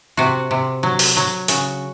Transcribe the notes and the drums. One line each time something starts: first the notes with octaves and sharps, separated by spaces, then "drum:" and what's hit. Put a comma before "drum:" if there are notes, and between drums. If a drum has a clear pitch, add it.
C3 F#4
C3
F#3
drum: open hi-hat
F#3
C#3 F#4, drum: hi-hat